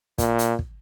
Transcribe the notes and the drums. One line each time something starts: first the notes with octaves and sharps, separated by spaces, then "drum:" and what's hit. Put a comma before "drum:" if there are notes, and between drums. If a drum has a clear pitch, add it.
A#2, drum: kick, hi-hat
drum: hi-hat
drum: kick